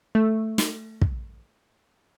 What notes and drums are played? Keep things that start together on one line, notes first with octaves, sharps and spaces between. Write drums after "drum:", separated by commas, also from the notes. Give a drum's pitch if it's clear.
A3
drum: snare
drum: kick